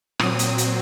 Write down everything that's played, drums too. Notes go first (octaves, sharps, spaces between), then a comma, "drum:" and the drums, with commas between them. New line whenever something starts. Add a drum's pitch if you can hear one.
A#2 F#3 C4 D#6, drum: rim click
drum: hi-hat
drum: hi-hat